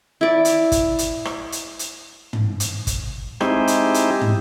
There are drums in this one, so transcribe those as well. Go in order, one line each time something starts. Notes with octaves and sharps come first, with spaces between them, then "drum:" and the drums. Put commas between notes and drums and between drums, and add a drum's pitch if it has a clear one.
E4 D5
drum: hi-hat
drum: kick, hi-hat
drum: hi-hat
drum: rim click
drum: hi-hat
drum: hi-hat
drum: tom
drum: hi-hat
drum: kick, hi-hat
G#3 C4 D#4 E4 G4, drum: rim click
drum: hi-hat
drum: hi-hat
drum: tom